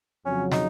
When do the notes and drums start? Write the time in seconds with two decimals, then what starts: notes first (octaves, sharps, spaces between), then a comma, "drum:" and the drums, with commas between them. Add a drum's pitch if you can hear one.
0.25 F2 C#3 F#3 C#4
0.52 D#4, drum: snare